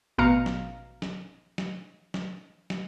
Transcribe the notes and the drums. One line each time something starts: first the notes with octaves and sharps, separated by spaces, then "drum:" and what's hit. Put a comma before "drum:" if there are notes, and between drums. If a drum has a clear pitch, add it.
A1 B2 F5 A#5 C#7
drum: snare
drum: snare
drum: snare
drum: snare
drum: snare